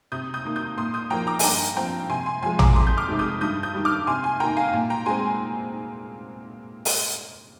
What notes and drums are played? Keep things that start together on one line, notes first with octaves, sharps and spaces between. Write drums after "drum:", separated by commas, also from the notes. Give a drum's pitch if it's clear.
C3 D#6 G6
D#6 G6
D#3 A#3
D#6 G6
A#2 C6 D#6
D#6 G6
F3 A#3 G5 A#5
A#5 D6
G#5, drum: open hi-hat
G2 G5 A#5
F3 C4 G5 A#5
C3 G#5 C6
G#5 C6
F3 G#3 G#5 C6
A#5 D6, drum: tom
F2 C6 D#6
G6
D6 F6
C3 D#3 G#3
D#6 G6
G2 D#6 G6
D#6 G6
D#3 G3
D6 F6
C3 G#5 C6
G#5 C6
D#3 A#3 G5 A#5
F5 G#5
A#2
G5 A#5
G#3 C4 G#5 C6
drum: open hi-hat